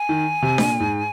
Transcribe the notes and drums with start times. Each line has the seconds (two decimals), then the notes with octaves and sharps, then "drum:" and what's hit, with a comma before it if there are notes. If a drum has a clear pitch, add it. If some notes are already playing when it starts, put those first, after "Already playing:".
Already playing: G#5
0.09 D#3
0.42 C3
0.58 A#2, drum: snare D4
0.80 G#2